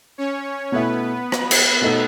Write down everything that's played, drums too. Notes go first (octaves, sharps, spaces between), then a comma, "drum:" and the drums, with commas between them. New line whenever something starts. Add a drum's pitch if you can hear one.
C#4 C#5
B2 A3 B3 E4 B4
drum: rim click
drum: cymbal
B2 A3 D#4 A4